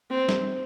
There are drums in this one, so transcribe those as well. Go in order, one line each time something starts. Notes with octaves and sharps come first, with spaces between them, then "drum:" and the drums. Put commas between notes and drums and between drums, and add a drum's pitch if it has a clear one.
C4
drum: snare